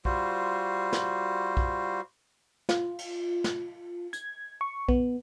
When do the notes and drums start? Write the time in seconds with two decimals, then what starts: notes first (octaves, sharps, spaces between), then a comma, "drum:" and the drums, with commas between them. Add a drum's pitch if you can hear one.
0.05 G3 F4 F#4 C5, drum: kick A#1
0.93 drum: snare
1.57 drum: kick A#1
2.69 F4, drum: snare
2.98 drum: cymbal
3.44 drum: snare
4.13 G#6, drum: hi-hat
4.61 C#6
4.89 B3, drum: kick A#1